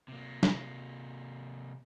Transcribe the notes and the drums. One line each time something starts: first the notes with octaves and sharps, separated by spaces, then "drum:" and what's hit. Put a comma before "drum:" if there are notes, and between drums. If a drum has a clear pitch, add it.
C3 A#3
drum: snare